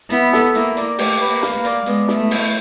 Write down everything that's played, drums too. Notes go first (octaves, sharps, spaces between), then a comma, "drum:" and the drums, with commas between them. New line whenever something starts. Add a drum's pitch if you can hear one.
B3 E4, drum: hi-hat
A4, drum: snare
A#3 E4, drum: hi-hat
D5, drum: hi-hat
A3 G4, drum: open hi-hat
B4
A#3
F5, drum: snare
A#3
D5, drum: hi-hat
G#3 B3, drum: hi-hat
E4, drum: snare
A3
C5, drum: open hi-hat